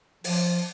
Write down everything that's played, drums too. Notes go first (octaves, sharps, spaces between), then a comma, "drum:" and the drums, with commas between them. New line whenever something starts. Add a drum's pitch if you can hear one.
F3, drum: open hi-hat